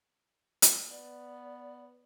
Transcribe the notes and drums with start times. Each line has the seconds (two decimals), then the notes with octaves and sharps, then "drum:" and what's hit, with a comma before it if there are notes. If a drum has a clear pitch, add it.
0.62 drum: hi-hat
0.90 B3 D5